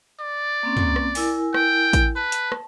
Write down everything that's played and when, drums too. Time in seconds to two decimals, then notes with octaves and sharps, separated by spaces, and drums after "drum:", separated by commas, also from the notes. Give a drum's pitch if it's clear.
0.21 D5
0.63 A#3 C4 C#4
0.77 drum: tom
0.96 drum: rim click
1.15 E4 A#4 G#5, drum: open hi-hat
1.54 G5, drum: rim click
1.93 drum: kick A1, hi-hat
2.16 B4 A5
2.32 drum: hi-hat
2.52 drum: rim click